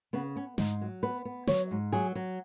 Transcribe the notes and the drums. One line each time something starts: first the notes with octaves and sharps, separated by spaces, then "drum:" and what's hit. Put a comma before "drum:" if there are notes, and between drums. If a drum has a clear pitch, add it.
C#3 B3
B3 C#4
G#2 D#4, drum: snare
F#3
B3 B4
B3
F#3 C#5, drum: snare
G#2
F#3 G#4
F#3